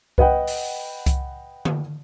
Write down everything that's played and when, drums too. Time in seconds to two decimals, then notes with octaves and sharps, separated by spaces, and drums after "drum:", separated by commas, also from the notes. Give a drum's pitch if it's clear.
0.18 B4 D#5 F#5 G5, drum: kick C2
0.47 drum: open hi-hat
1.06 drum: kick C2, hi-hat
1.65 drum: tom D3